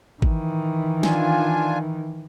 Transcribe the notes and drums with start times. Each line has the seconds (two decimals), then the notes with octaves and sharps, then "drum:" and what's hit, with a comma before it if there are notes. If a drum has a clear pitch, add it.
0.22 D#3 E3, drum: kick G#1
1.03 D4 F4 G#5, drum: snare